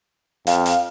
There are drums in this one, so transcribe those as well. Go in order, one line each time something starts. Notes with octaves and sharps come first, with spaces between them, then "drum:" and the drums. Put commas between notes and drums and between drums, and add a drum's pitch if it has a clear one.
F2 F5, drum: hi-hat
drum: hi-hat